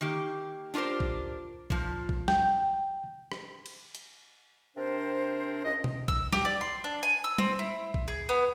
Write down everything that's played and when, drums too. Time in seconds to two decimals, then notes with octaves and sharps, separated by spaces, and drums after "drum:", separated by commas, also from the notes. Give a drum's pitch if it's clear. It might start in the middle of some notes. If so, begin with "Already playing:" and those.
0.01 D#3 A#3 G4
0.74 D4 F4 G4 A#4 C5
1.00 drum: kick A#1
1.70 A#2 F3, drum: kick A#1
2.09 drum: kick A#1
2.28 G5, drum: snare
3.32 drum: rim click
3.66 drum: cymbal
3.95 drum: hi-hat
4.76 C3 C4 D4 A#4 C5
5.64 C#2 D#5
5.84 drum: tom
6.08 E6, drum: kick A#1
6.33 G4, drum: snare
6.45 D5
6.61 C6
6.84 D4
7.03 G#5
7.24 E6
7.38 C4, drum: tom
7.59 E4
7.94 drum: kick A#1
8.08 G#4
8.29 B3